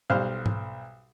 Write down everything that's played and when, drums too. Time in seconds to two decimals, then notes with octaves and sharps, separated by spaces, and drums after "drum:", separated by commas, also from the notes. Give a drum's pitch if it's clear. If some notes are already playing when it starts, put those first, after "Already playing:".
0.10 B1 G3 C5 F5 F6 F#6
0.46 drum: tom G#2